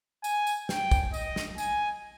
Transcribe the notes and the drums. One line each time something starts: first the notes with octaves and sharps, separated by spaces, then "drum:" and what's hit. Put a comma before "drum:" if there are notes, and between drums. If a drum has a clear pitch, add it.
G#5, drum: tambourine
drum: tambourine
G5, drum: snare
drum: kick, tambourine
D#5, drum: tambourine
drum: snare
G#5, drum: tambourine